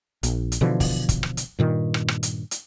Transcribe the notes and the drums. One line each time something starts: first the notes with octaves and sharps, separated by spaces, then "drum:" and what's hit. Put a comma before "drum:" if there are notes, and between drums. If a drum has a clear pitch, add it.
A#1, drum: hi-hat
drum: hi-hat
B2 D3 E3 F3
drum: kick, open hi-hat
drum: kick, hi-hat
drum: rim click
drum: hi-hat
G2 A#2 D#3
drum: rim click
drum: rim click
drum: hi-hat
drum: hi-hat